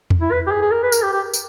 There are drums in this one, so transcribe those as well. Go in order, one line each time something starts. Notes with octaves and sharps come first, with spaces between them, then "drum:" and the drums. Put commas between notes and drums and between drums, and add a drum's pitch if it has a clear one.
drum: tom E2
E4
B4
G4
G#4
G#4
A#4
B4
A#4, drum: tambourine
G4
G4
drum: tambourine